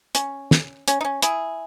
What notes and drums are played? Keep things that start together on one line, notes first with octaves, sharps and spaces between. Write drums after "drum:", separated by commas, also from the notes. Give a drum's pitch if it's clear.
C#4, drum: hi-hat
drum: snare
C#4, drum: hi-hat
D#4
C#4
E4 G#4, drum: hi-hat